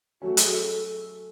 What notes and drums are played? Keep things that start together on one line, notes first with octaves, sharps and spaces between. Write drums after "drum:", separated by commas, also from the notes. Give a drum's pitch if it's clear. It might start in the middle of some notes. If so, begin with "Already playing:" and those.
F#3 A3 C#4 F#4
G#4, drum: hi-hat
A4